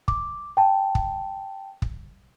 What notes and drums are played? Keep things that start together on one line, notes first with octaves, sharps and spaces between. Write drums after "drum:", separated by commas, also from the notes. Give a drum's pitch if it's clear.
D6, drum: kick
G5 A5
drum: kick
drum: kick